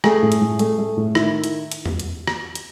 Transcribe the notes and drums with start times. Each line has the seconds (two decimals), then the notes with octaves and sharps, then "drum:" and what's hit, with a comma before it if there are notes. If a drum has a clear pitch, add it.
0.04 A3 G#4, drum: rim click
0.22 A2
0.32 drum: hi-hat
0.41 A2
0.59 A3, drum: hi-hat
0.78 A3
0.97 A2
1.15 D#3 E4, drum: rim click
1.44 drum: hi-hat
1.72 drum: hi-hat
1.86 drum: tom E2
1.99 drum: hi-hat
2.27 drum: rim click
2.55 drum: hi-hat